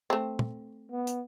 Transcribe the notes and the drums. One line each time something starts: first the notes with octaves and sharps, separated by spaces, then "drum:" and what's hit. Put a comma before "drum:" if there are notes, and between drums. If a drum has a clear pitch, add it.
A3 C4
drum: tom
B3
drum: hi-hat